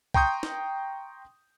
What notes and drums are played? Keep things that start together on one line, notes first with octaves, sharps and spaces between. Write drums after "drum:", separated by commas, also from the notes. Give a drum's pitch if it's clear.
G5 A#5 C6 C#6 D#6 G6, drum: kick
drum: snare